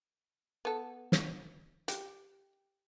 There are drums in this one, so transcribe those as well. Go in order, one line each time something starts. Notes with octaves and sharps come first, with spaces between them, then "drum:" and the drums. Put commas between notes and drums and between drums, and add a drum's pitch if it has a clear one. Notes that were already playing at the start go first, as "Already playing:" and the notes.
B3 A4
drum: snare
G4, drum: hi-hat